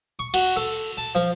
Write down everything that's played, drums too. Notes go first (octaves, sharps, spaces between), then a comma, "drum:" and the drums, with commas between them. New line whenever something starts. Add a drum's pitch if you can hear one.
C#6
F#4, drum: cymbal
A4
A5
F3